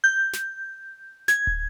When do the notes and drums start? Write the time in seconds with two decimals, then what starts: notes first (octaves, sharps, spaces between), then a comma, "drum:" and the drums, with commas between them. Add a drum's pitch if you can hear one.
0.04 G6
0.34 drum: snare
1.28 G#6, drum: snare
1.47 drum: kick